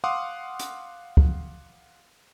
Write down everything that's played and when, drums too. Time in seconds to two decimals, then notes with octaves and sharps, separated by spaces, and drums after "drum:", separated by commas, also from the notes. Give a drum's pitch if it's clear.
0.04 F5 F#5 C6 D6 D#6
0.59 drum: hi-hat
1.17 drum: kick